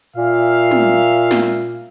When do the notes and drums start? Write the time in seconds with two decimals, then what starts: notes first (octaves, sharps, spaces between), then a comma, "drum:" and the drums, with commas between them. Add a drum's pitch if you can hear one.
0.17 A#2 A#4 E5 F5
0.71 drum: tom
1.31 drum: snare